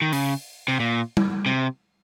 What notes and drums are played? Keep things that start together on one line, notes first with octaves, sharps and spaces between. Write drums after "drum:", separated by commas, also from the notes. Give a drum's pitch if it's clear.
D#3
C#3, drum: open hi-hat
C3
A#2
drum: tom G3
C3